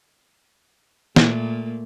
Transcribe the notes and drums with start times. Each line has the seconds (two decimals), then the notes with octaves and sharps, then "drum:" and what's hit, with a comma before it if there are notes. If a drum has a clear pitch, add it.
1.16 A#2 A3 A#3, drum: snare